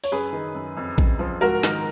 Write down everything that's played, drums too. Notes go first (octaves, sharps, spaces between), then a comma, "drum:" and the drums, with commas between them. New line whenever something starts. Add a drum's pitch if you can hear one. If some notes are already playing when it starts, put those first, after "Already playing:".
C#5, drum: open hi-hat
F#2 G#4 B4
D#3
F#2
F2
F2, drum: kick A1
F3
G#2 F#4 A#4
D#3, drum: snare